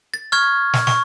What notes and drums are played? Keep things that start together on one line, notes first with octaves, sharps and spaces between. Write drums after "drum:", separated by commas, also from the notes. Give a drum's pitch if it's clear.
A6
C#6 F6 G#6
drum: snare
C#6, drum: snare